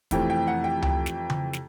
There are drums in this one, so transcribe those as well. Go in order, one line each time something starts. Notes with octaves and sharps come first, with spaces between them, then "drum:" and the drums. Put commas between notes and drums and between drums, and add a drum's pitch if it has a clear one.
F2 C3 E3 A3 C4 G5, drum: kick, hi-hat
G5
F#5
G5
G5, drum: tom C#2
drum: snare
drum: tom C#3
drum: snare